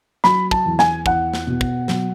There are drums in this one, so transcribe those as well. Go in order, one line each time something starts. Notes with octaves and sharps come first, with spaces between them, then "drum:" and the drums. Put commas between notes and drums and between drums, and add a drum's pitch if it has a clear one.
F#3 B5, drum: snare
A5, drum: kick
E2
G#5, drum: snare
E2 F#5, drum: kick
drum: snare
B2
drum: kick
F#3, drum: snare